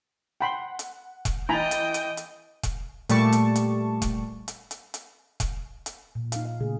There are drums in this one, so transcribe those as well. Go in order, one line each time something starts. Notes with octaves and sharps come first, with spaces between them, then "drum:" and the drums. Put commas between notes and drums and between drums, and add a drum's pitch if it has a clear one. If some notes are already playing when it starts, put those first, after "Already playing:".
F#5 G5 B5 C6
drum: hi-hat
drum: kick E1, hi-hat
E3 D#5 G5 G#5 A#5 B5 A6
drum: hi-hat
drum: hi-hat
drum: hi-hat
drum: kick E1, hi-hat
A#2 G3 A3 D5 A5 C#6, drum: hi-hat
drum: hi-hat
drum: hi-hat
drum: kick E1, hi-hat
drum: hi-hat
drum: hi-hat
drum: hi-hat
drum: kick E1, hi-hat
drum: hi-hat
A#2
D#4 F5, drum: hi-hat
F5
A#2 C#3 A3 G#4